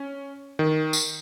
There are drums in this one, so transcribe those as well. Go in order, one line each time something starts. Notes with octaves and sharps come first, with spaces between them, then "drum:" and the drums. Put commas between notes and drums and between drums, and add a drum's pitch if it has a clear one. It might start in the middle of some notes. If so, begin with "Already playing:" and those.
Already playing: C#4
D#3
drum: tambourine